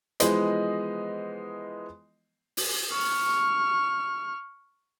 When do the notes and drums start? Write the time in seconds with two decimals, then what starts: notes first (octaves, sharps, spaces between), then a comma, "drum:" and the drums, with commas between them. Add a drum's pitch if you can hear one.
0.20 E3 F3 G#3 B3 C5 D#5, drum: hi-hat
2.57 drum: open hi-hat
2.93 C#6 F6